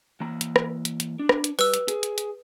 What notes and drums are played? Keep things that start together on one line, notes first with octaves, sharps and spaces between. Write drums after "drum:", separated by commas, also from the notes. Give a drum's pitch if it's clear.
E3 A#3 A#5
drum: hi-hat
drum: rim click
drum: hi-hat
drum: hi-hat
D4
drum: rim click
drum: hi-hat
G3 B4 E6, drum: open hi-hat
drum: hi-hat
G#4, drum: hi-hat
drum: hi-hat
drum: hi-hat